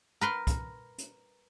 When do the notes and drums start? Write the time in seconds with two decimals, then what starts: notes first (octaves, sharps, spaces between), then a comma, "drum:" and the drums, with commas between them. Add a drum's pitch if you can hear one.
0.21 A#4 B4 C6
0.47 drum: kick C2, hi-hat
0.98 drum: hi-hat